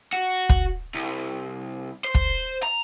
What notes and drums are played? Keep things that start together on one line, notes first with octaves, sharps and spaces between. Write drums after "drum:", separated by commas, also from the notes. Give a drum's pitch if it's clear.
F#4
drum: kick
C2
C5
drum: kick
A#5